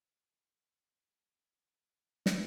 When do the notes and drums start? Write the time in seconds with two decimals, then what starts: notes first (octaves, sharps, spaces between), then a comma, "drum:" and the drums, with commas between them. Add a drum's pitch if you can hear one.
0.19 G5 D#6
2.26 drum: snare